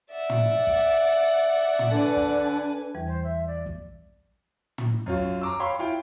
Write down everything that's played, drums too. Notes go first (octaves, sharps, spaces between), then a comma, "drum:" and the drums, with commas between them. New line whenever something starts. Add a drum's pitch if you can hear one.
D5 E5 F#5
drum: tom
drum: kick
drum: tom
D3 D4 B4 G#5
drum: kick
E2 E3 G3
C5
E5
D5
drum: kick
drum: tom
F#2 C#4 F4
drum: kick
A#5 D6 E6
C#5 F5 G5 B5 C6
E4 F4 F5 G5